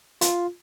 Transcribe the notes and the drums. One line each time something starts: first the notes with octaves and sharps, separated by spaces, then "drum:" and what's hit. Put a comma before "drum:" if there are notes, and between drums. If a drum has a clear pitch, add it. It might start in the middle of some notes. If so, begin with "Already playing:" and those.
F4, drum: hi-hat